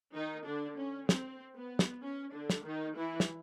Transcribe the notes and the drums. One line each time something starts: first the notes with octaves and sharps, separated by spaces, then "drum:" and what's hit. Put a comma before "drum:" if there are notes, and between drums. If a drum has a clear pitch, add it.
D#3 D#4
D3 D4
C#4
C4, drum: snare
B3
drum: snare
C#4
D3 D4
drum: snare
D#3 D#4
E3 E4
drum: snare